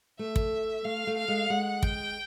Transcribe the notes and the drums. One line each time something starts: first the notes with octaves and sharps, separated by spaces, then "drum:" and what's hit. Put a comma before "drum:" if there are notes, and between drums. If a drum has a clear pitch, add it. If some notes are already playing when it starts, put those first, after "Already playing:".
A3 E5
drum: kick
A3 F5
A3
F5
G#3
G#3 F#5
G5, drum: kick